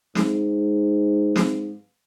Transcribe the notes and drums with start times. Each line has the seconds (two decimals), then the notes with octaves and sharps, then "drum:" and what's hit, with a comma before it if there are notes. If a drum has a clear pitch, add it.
0.15 G#2, drum: snare
1.36 drum: snare